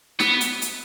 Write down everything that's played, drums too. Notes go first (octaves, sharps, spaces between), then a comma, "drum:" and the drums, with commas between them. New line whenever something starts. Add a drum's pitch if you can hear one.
B3, drum: snare
drum: hi-hat
drum: hi-hat